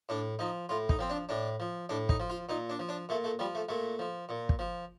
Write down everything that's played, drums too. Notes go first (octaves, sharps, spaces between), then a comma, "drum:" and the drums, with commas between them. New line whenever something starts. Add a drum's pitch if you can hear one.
A2 D4
F3 D#4
A2 F4
D#4, drum: kick
F3 C4
D4
A2 D4
F3
A2 D4
D#4, drum: kick
F3
F4
A#2 D#4
D4
F3
D4
A#2 A3
A3
F3 G3
A3
A#2 A3
F3
A#2
drum: kick
F3